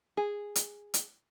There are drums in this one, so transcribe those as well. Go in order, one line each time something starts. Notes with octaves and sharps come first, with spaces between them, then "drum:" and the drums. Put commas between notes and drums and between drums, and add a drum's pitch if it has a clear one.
G#4
drum: hi-hat
drum: hi-hat